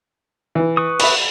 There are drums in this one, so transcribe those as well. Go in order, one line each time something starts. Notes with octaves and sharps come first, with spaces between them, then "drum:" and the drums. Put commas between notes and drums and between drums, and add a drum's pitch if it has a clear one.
E3
B4 C#6 D#6
E5 B5, drum: cymbal